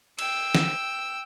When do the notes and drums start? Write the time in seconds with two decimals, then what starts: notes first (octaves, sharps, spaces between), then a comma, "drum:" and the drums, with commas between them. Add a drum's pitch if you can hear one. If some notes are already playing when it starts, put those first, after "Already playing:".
0.19 G5 E6, drum: cymbal
0.55 drum: snare